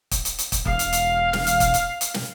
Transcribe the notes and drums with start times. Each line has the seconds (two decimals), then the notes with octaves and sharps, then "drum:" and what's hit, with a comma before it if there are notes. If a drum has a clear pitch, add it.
0.11 drum: kick, hi-hat
0.25 drum: hi-hat
0.38 drum: hi-hat
0.52 drum: kick, hi-hat
0.66 E1 F5, drum: kick
0.79 drum: hi-hat
0.93 drum: hi-hat
1.33 drum: snare
1.47 drum: hi-hat
1.60 drum: kick, hi-hat
1.74 drum: hi-hat
2.01 drum: hi-hat
2.14 drum: snare